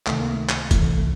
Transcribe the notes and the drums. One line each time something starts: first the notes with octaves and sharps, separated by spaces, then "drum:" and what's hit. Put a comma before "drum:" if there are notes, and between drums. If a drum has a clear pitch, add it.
C#2 C3 D#3 A3, drum: clap
A#3
A3
drum: clap
C2 C3 E3 A3, drum: kick, hi-hat
A3